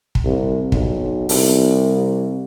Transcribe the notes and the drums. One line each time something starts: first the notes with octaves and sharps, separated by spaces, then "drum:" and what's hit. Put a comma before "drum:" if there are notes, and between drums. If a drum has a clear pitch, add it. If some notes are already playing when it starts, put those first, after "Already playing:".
drum: kick
C2
B1, drum: kick
C2, drum: open hi-hat